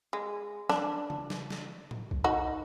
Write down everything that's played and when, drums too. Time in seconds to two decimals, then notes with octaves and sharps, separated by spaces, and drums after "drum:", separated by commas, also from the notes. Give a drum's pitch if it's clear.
0.13 G#3
0.69 D4, drum: snare
1.10 drum: tom C#3
1.30 drum: snare
1.50 drum: snare
1.91 drum: tom A2
2.11 drum: kick B1
2.24 D#4 F#4